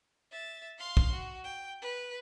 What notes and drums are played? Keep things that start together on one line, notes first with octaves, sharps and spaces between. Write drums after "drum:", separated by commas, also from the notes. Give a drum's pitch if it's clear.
E5 A6
F5 C6
drum: kick
F#4
G5
B4